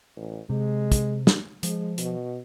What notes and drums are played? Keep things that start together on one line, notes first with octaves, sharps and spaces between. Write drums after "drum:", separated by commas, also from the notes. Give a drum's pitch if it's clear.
A1
C3 G#3
drum: kick, hi-hat
drum: snare
F3 G#3, drum: hi-hat
B2, drum: hi-hat